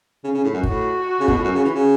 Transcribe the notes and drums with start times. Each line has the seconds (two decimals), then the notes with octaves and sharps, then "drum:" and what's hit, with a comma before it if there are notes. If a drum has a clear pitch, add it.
0.24 C#3
0.34 C#3
0.44 A2
0.54 F#2
0.63 A2 F#4, drum: kick
1.20 C#3
1.28 B2, drum: kick
1.36 A2
1.44 F#2
1.55 C#3
1.64 E3
1.74 C#3